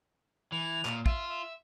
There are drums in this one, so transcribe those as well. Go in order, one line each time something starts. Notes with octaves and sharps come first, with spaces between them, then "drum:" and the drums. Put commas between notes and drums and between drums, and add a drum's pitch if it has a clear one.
E3 F7
A#2, drum: clap
F4 E5, drum: kick
E5